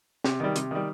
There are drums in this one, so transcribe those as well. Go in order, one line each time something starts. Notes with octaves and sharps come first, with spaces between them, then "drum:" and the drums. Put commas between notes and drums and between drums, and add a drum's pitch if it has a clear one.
C3, drum: snare
D#3 G3
C3, drum: hi-hat
D#3 G3